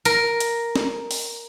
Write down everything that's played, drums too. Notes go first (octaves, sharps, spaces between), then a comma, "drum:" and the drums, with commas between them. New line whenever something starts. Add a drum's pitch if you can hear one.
A#4, drum: hi-hat
drum: hi-hat
drum: snare
drum: open hi-hat